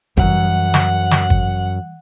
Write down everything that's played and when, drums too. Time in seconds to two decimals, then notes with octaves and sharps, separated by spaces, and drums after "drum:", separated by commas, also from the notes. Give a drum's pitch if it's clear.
0.17 F#2 E3 G3 F#5, drum: kick
0.74 drum: snare
1.11 drum: snare
1.30 drum: kick